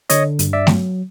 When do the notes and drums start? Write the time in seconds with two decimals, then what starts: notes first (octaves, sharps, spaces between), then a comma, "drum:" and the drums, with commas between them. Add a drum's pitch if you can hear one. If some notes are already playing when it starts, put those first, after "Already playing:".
0.10 D3 C#5 D#5, drum: hi-hat
0.39 G2, drum: hi-hat
0.53 D5 E5
0.67 F#3, drum: snare A3